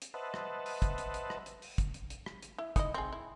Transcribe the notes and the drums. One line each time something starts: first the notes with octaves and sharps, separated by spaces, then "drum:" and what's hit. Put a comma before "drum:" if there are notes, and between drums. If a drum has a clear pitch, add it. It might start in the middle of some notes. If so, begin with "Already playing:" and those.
drum: hi-hat
B4 C5 D#5 E5 F#5 A5
drum: rim click
drum: open hi-hat
drum: kick, hi-hat
drum: hi-hat
drum: hi-hat
drum: rim click
drum: hi-hat
drum: open hi-hat
drum: kick, hi-hat
drum: hi-hat
drum: hi-hat
drum: rim click
drum: hi-hat
E4
D#4 E4 D#5, drum: kick, hi-hat
C4 G#4
E4